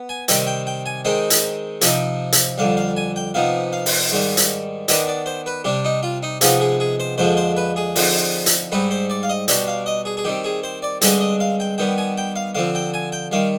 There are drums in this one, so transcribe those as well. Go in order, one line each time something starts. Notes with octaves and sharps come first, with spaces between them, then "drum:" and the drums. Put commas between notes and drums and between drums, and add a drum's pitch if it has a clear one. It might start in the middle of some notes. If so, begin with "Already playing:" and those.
Already playing: B3
G#5
C3 D#3 G3 C4 G5, drum: hi-hat
G5
G5
G#5
D#3 G#3 C4 D#4 G5
drum: hi-hat
C3 F3 C4 D#4, drum: hi-hat
drum: hi-hat
F2 D3 G3 F5
F5
G#5
G5
C3 F3 B3 D#4 F5
F5
drum: open hi-hat
G#2 D#3 G3
drum: hi-hat
D#3 B3 D4 D#5, drum: hi-hat
D5
C5
B4
C3 G3 D4 G4
D#4
F4
D#4
C3 F3 G#3 B3 D#4 F4, drum: hi-hat
G#4
G#4
C5
F2 D3 F3 G#3 C5
C5
B4
G#4
D3 F3 C4 D#4, drum: open hi-hat
drum: hi-hat
G#2 G3 C4 D#4 B4
C5
D5
F5
D#5
B2 G3 D4 G5, drum: hi-hat
F5
D#5
G#4
G#4
D#3 G3 C4 G4
G#4
C5
D5
G2 D3 G#3 C4 D#5, drum: hi-hat
D#5
F5
G5
D#3 G3 B3 G5
G#5
G5
F5
D3 F3 C4 F5
G5
G#5
G5
D#3 G3 F5